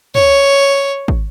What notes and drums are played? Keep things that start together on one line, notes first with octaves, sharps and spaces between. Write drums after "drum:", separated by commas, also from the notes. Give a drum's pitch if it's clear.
C#5, drum: tom
drum: kick